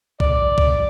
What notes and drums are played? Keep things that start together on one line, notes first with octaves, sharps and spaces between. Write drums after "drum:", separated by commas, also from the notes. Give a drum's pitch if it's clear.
D5, drum: kick
drum: kick